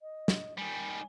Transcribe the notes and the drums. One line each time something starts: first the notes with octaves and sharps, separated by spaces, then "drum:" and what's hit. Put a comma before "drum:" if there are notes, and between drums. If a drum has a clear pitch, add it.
D#5
drum: snare
D#3 G3 G#5